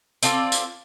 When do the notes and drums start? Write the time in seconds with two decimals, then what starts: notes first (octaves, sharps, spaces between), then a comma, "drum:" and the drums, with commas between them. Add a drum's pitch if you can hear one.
0.23 C4 F4 A4 D5, drum: tambourine
0.52 drum: tambourine